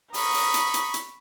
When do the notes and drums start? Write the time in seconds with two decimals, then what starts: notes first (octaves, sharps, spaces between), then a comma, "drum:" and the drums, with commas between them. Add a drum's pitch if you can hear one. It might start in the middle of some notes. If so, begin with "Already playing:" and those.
0.14 A#5 B5 C#6 D#6, drum: open hi-hat
0.34 drum: open hi-hat
0.54 drum: hi-hat
0.74 drum: hi-hat
0.94 drum: hi-hat